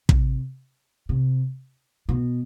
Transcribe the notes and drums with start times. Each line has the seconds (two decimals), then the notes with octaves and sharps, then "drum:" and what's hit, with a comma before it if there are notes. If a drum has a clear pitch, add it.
0.09 C3, drum: kick
1.09 C3
2.09 B2